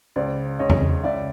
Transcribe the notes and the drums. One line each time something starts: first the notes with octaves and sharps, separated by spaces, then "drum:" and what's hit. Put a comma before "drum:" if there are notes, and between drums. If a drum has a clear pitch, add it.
C#2 C5 D5
C#2 C#5 D#5
drum: tom E2
C#2 D5 E5